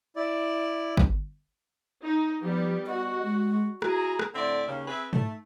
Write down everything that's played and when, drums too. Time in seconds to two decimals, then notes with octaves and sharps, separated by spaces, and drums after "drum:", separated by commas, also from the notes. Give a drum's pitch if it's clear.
0.16 E4 D5
0.97 drum: kick
2.03 D#4
2.41 F3 G3 B3 G4
2.87 F#4 D#5
3.23 G#3
3.82 E4 F#4 G#4 A#5, drum: rim click
4.19 drum: rim click
4.34 A2 D3 C4 D5 E5
4.67 D#2 C#3
4.88 C4 G#4 B4 E5
5.13 A3, drum: tom G#2